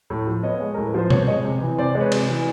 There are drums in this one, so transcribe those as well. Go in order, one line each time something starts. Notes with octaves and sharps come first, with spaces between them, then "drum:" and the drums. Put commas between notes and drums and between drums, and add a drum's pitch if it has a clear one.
A2
F3
B3 C#5 D#5
G#3
A2 A#4
B4
F3 C5
C3 B4 C#5, drum: tom B2
G#3 C#5 D#5
C3
E3
C3 C5 D5
G#3
B4 C#5
C3, drum: cymbal
E3